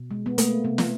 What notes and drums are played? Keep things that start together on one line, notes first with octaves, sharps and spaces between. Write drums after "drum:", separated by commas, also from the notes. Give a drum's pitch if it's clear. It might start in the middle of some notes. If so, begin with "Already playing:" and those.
Already playing: B2
G#3
B3
A3 A#3, drum: hi-hat
C3 B3
drum: snare